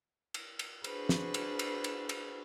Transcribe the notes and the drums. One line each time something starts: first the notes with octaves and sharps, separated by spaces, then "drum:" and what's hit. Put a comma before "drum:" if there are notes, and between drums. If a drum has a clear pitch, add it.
drum: cymbal
drum: cymbal
D4 F#4 G#4 B4 C5, drum: cymbal
drum: snare
drum: cymbal
drum: cymbal
drum: cymbal
drum: cymbal